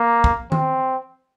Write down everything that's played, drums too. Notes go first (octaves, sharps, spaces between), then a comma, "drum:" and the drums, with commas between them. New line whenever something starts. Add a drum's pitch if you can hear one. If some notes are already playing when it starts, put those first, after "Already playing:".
Already playing: A#3
drum: kick
C4, drum: tom D#3